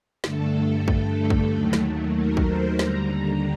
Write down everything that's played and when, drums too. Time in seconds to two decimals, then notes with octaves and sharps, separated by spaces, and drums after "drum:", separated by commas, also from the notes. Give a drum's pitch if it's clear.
0.24 G2 D3 A3 A4, drum: snare
0.88 drum: kick
1.30 drum: kick
1.52 D#2 D#3 F#3 A3
1.73 drum: snare
2.16 A#4
2.37 drum: kick
2.48 C5
2.79 D#2 D3 G3 A#5, drum: snare